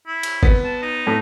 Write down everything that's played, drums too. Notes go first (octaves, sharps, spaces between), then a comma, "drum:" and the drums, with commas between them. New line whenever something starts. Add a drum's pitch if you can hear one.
E4
drum: cymbal
B3, drum: kick G1
A5
D#4
A2